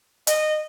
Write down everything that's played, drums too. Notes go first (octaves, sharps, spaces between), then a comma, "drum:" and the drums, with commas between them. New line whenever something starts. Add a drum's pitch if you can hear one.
D#5, drum: hi-hat